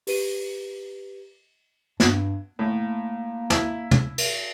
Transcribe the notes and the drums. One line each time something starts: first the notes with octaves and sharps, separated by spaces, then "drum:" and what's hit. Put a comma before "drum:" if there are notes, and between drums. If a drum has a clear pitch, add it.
G4 B4 D#7, drum: open hi-hat
G2, drum: snare
A2 A#3
E4, drum: snare
drum: tom
drum: cymbal